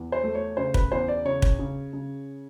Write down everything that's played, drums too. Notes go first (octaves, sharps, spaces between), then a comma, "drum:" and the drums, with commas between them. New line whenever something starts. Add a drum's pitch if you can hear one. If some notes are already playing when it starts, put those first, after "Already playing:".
Already playing: E2
C5
A3
C#5
C#3 C5
B4, drum: kick
E2 C5
D5
C#3 C#5
drum: kick
C#3
C#3